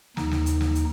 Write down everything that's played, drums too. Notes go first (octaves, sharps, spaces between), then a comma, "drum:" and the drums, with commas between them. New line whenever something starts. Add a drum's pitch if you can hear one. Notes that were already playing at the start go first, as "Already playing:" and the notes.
D#2 D#4, drum: snare
drum: snare
drum: hi-hat
drum: snare
drum: hi-hat